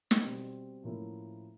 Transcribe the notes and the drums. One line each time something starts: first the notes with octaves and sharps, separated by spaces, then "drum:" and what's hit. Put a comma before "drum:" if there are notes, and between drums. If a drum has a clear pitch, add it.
drum: snare
B2 G3 C4
A2 F3 A#3 C#4 E4